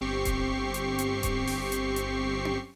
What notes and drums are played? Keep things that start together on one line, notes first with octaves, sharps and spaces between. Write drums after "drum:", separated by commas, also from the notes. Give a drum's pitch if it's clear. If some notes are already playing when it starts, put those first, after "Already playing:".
G1 C4 G4 C#6 C7
drum: kick D#1, hi-hat
drum: hi-hat
drum: hi-hat
drum: kick D#1, hi-hat
drum: open hi-hat
drum: hi-hat
drum: hi-hat
drum: tom C#4